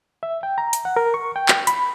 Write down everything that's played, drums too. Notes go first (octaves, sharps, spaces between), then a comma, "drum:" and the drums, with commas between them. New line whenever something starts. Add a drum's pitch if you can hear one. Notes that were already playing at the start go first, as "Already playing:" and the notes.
E5
G5
A#5
drum: hi-hat
F#5
A#4
C#6
G5
drum: clap
B5, drum: hi-hat